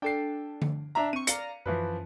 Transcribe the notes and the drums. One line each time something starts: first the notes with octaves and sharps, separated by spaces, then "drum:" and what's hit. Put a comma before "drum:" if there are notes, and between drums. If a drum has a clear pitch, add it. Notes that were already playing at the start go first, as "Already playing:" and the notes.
D4 A4 G5 C7
drum: tom D3
D4 E5 A#5
C4 C#6 D#7
D5 F5 A#5 C#7, drum: hi-hat
F#2 E3 F3 B4